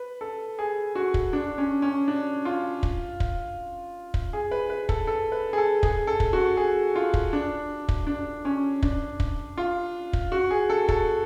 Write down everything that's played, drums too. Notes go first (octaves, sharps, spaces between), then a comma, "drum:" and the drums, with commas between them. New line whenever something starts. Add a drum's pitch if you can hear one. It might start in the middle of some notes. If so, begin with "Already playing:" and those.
Already playing: B4
A4
G#4
F#4
drum: kick
D4
C#4
C#4
D4
F4
drum: kick
drum: kick
drum: kick
G#4
B4
B4
A4, drum: kick
A4
B4
G#4
A4
G#4, drum: kick
A4
drum: kick
F#4
G#4
F4
drum: kick
D4
drum: kick
D4
C#4
D4, drum: kick
drum: kick
F4
drum: kick
F#4
G#4
A4
A4, drum: kick